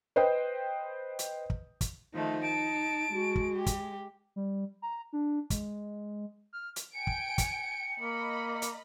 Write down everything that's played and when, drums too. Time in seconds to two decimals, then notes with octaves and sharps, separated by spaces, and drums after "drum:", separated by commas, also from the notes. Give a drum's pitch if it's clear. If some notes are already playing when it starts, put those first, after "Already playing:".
0.16 B4 C5 D#5 G5
1.19 drum: hi-hat
1.50 drum: kick
1.81 drum: kick, hi-hat
2.14 D#3 F3 A3 D#4
2.43 A5 D7
3.12 G#3 F#4
3.35 drum: kick
3.56 G4
3.66 drum: kick, hi-hat
4.36 G3
4.82 A#5
5.13 D4
5.50 G#3, drum: kick, hi-hat
6.53 F6
6.76 drum: hi-hat
6.94 G5 G#5 C#7 D7
7.07 drum: kick
7.38 drum: kick, hi-hat
8.00 A#3 D#5 B5
8.62 drum: hi-hat